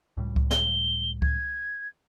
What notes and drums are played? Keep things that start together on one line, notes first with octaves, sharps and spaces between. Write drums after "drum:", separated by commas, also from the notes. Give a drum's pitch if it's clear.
C#2 A2 G3
drum: kick C#2
G7, drum: snare
G#6, drum: kick C#2